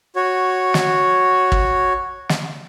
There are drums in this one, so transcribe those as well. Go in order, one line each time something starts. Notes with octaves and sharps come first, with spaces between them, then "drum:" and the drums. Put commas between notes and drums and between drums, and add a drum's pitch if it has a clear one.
F#4 C#5
drum: snare
drum: kick
drum: snare